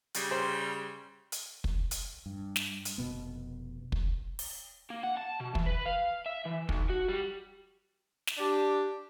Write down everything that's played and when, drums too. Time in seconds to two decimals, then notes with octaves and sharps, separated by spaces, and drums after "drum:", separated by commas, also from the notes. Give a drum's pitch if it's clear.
0.14 C#3 G3, drum: hi-hat
0.31 C5
1.32 drum: hi-hat
1.64 drum: kick
1.91 drum: hi-hat
2.26 G2
2.56 drum: snare
2.85 drum: hi-hat
2.98 F1 B2 B3
3.92 drum: kick
4.39 drum: open hi-hat
4.90 A#3
5.04 F#5
5.17 A5
5.41 B2
5.55 E3, drum: kick
5.67 B4
5.86 F5
6.26 E5
6.45 E3
6.69 B1, drum: kick
6.90 F#4
7.09 G3
8.27 drum: snare
8.38 D4 G4